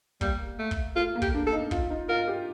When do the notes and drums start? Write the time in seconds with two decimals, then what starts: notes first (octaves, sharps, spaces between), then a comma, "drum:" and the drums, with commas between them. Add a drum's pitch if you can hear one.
0.21 G3 A#3, drum: kick
0.59 A3
0.71 drum: kick
0.96 A3 F4
1.15 A#3
1.22 G4, drum: kick
1.34 D4
1.47 A4
1.52 D#4
1.71 F4, drum: kick
1.90 D#4
2.09 F4 A#4
2.28 G4